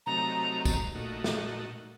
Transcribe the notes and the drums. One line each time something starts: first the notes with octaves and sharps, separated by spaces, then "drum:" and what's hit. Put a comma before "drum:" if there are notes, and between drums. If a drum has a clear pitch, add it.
C3 F#3 A3 D#4 A#5
drum: kick, tambourine
A#2 A3 D#4 F#4
drum: snare